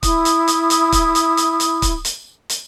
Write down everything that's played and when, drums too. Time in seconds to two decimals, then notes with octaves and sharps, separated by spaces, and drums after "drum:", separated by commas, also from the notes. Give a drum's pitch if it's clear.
0.03 E4 D#6, drum: kick, hi-hat
0.25 drum: hi-hat
0.48 drum: hi-hat
0.70 drum: hi-hat
0.92 drum: kick, hi-hat
1.15 drum: hi-hat
1.37 drum: hi-hat
1.60 drum: hi-hat
1.82 drum: kick, hi-hat
2.05 drum: hi-hat
2.49 drum: hi-hat